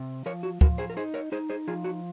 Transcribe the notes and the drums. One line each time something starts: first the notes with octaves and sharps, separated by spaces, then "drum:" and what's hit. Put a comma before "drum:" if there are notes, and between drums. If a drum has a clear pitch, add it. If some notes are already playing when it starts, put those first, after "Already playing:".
Already playing: C3
F3 A#4 C#5
F#4
F3 F#4 A#4, drum: kick
G#4 C5
A#4
D#4 G#4 C5
A#4 C#5
D#4 G#4 C5
G#4 C5
F3 F4 G#4
F#4